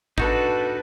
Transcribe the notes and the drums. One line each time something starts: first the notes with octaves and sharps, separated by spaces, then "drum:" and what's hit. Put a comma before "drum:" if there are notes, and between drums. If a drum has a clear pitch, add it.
D4 D#4 F#4 A4 B4, drum: kick